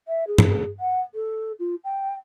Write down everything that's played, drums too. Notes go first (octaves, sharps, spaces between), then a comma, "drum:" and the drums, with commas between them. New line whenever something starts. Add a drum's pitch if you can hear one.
E5
G#4
drum: tom G2
F#5
A4
F4
G5